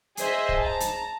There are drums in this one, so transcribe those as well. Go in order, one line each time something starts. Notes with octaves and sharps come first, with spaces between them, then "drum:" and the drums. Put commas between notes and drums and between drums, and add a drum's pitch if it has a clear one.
G#4 C5 D#5 E5, drum: hi-hat
drum: kick
A5 A#5
drum: hi-hat